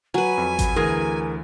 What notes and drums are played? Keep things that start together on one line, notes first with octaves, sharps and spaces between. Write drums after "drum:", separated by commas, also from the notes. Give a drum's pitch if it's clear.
F#3 B4 G#5
F2 B5
drum: kick G#1, hi-hat
D2 E3 G#4 A#4